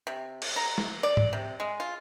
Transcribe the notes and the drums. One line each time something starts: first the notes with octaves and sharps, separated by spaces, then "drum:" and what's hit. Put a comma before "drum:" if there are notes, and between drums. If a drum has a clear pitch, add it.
C3
drum: cymbal
A#5
drum: snare
D5
drum: tom
C3
G#3
F4